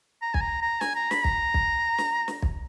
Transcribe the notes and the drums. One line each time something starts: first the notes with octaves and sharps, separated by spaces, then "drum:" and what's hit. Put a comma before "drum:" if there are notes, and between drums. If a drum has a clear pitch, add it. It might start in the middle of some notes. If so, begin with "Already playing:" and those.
A#5
G#5, drum: kick B1
A#5
A#5
G#5, drum: snare
A#5
B5, drum: snare
A#5, drum: kick B1
drum: kick B1
drum: snare
drum: snare
drum: kick B1